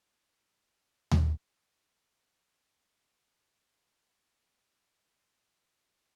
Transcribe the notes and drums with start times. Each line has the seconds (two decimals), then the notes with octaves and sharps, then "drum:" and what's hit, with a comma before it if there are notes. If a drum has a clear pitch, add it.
0.13 A4
0.72 G4
1.11 drum: tom D#2
1.91 A4
2.20 G4
2.50 G4
2.80 E4
3.39 D4
3.68 C#4
4.87 C#4
5.18 E4
5.47 D4
5.76 C#4